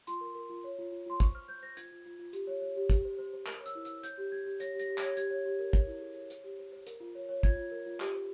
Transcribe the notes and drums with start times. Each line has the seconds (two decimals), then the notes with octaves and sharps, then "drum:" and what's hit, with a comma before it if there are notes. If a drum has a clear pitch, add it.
0.07 F4 C6, drum: hi-hat
0.21 A#4
0.35 A#4
0.49 F4
0.64 C#5
0.78 F4
0.92 F4
1.06 F4 C6
1.20 C5 C#6, drum: kick, hi-hat
1.35 C5 F6
1.48 C5 G6
1.63 C5 A#6
1.77 F4 G#6, drum: hi-hat
1.91 F4
2.05 F4
2.19 F4
2.33 G4, drum: hi-hat
2.47 C#5
2.62 C#5
2.76 G4
2.90 G4, drum: kick, hi-hat
3.05 C5
3.18 C5
3.33 C5
3.46 A#4 F6, drum: clap
3.60 C#5
3.66 E6, drum: hi-hat
3.75 E4
3.85 E6, drum: hi-hat
3.89 E4
4.03 C#5 G6, drum: hi-hat
4.18 G4
4.31 G4 G#6
4.46 G4
4.60 C#5 A#6, drum: hi-hat
4.74 G4
4.79 A#6, drum: hi-hat
4.89 G4
4.98 G#6, drum: clap
5.02 C#5
5.17 G4 G#6, drum: hi-hat
5.30 C#5
5.45 G4
5.59 A#4
5.73 C#5, drum: kick, hi-hat
5.87 E4
6.01 G#4
6.16 C#5
6.30 C5, drum: hi-hat
6.44 G4
6.59 C5
6.72 C5
6.87 A#4, drum: hi-hat
7.00 F4
7.15 C#5
7.29 C#5
7.43 F4 G#6, drum: kick, hi-hat
7.57 F4
7.71 A#4
7.86 F4
8.00 G4, drum: clap
8.14 C5